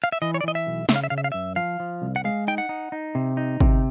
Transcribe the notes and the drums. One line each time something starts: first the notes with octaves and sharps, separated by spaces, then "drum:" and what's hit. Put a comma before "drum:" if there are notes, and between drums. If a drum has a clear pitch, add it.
F5
E5
E3 D#5
C#5
D5
E3 D#5
E5
B1
C#3 E5, drum: snare
F5
E5
C#3 F5
E5
F5
F#2 E5
F3 F5
F3
C2
F#5
G#3 F5
D#4 G5
F#5
D#4
D#4
C3
D#4
C3, drum: kick